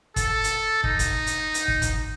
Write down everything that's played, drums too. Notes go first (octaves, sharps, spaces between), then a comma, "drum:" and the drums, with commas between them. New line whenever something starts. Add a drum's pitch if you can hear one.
A4, drum: kick, hi-hat
drum: hi-hat
D#4, drum: kick
drum: kick, hi-hat
drum: hi-hat
drum: hi-hat
drum: kick
drum: kick, hi-hat